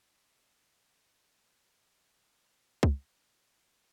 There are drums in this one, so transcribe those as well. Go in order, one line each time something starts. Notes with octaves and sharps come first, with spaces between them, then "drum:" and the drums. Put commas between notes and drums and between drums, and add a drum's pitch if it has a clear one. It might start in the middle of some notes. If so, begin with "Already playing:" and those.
Already playing: E3 B3 E4
D#3
F#3
F#3
F#3 G#3 A3 D#4
drum: kick C#2